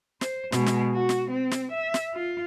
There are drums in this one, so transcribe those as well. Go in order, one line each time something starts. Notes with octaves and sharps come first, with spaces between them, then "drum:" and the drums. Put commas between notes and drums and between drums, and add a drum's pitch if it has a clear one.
C5, drum: snare
B2 G#3, drum: snare
drum: snare
F#4
drum: snare
C4
drum: snare
E5
drum: snare
F4